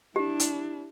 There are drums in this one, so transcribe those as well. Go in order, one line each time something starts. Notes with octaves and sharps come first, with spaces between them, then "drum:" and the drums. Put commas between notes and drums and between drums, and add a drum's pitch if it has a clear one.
D4 E4 G4
drum: hi-hat